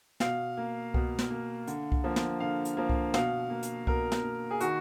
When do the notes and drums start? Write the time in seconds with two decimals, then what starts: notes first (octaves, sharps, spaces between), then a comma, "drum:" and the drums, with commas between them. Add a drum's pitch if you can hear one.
0.20 B2 F5, drum: snare
0.57 A#3
0.94 B2, drum: kick C2
1.19 drum: snare
1.30 A#3
1.67 D3, drum: hi-hat
1.92 drum: kick C2
2.04 F3 A#3
2.16 drum: snare
2.40 D3 F5
2.65 drum: hi-hat
2.77 F3 A#3
2.89 drum: kick C2
3.14 B2 F5, drum: snare
3.50 A#3
3.63 drum: hi-hat
3.87 B2 A#4, drum: kick C2
4.12 drum: snare
4.23 A#3
4.51 G#4
4.60 D#3 F#4, drum: hi-hat